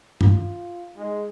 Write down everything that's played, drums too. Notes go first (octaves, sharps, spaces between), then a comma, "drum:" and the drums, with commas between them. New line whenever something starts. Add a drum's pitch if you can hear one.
F4, drum: tom
G#3 D#4